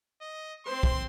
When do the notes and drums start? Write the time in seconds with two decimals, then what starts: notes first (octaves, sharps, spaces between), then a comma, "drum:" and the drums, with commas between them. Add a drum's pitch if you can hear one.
0.21 D#5
0.66 C4 C5 C6
0.83 drum: kick